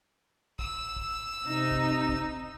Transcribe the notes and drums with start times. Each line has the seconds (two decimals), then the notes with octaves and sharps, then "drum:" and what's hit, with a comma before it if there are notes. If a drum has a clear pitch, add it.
0.59 E6, drum: kick
0.96 drum: kick
1.47 C3 D#4 D#5
1.71 drum: kick
2.09 drum: kick